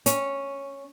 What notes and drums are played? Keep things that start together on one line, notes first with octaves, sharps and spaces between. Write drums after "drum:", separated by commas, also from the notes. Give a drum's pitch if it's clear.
C#4, drum: hi-hat